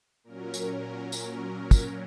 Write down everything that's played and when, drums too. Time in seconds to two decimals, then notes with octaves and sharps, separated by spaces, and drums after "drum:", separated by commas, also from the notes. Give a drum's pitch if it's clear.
0.24 A#2 F#3 C#4 A#4
0.54 drum: tambourine
1.12 A#4, drum: tambourine
1.71 drum: kick, tambourine